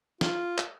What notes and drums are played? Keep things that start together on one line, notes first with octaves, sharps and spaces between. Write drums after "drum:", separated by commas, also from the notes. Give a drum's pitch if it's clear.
F4, drum: snare
drum: clap